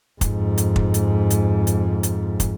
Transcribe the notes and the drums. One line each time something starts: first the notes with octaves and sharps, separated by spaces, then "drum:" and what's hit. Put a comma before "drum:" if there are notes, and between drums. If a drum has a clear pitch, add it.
F2 G#2, drum: kick, hi-hat
drum: hi-hat
drum: kick
drum: hi-hat
drum: hi-hat
drum: hi-hat
drum: hi-hat
drum: kick, hi-hat